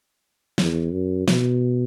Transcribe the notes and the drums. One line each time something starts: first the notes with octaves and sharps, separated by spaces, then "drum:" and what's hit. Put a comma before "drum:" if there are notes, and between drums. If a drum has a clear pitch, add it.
E2, drum: snare
F#2
B2, drum: snare